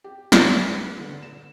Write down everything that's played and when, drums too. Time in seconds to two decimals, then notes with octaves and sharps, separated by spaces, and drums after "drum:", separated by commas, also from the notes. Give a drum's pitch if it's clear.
0.04 G4
0.32 D4, drum: snare
0.53 G3
0.69 B4
0.85 B4
1.00 D3
1.23 E7